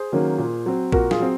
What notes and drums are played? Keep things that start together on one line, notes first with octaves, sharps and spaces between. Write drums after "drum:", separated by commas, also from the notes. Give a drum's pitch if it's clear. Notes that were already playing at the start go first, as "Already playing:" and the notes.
Already playing: G#4 C5
D#3 F#3 A#3 C#4
A#2
F#3 C4
A#2 F#4 A#4, drum: kick
F4 G#4, drum: snare
F#3 C4